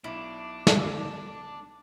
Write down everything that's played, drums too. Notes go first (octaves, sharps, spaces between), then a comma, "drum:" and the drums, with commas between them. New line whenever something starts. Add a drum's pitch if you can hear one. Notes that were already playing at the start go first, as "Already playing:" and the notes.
B1 D4 E4 D6
drum: snare